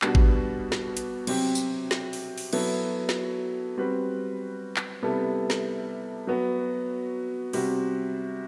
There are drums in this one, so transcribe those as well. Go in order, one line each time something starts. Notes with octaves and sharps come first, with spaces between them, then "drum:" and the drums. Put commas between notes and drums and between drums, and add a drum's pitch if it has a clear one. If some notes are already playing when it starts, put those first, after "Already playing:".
B2 G3 B3 D4 F#4, drum: clap
drum: kick G#1
drum: snare
drum: hi-hat
C3 F#3 C4 G4, drum: cymbal
drum: tambourine
drum: snare
drum: open hi-hat
drum: open hi-hat
F#3 B3 E4 A4, drum: cymbal
drum: snare
G3 C4 F#4 B4
drum: clap
C3 G3 B3 E4 A4
drum: snare
F#3 B3 F#4
C3 G3 C4 F#4, drum: open hi-hat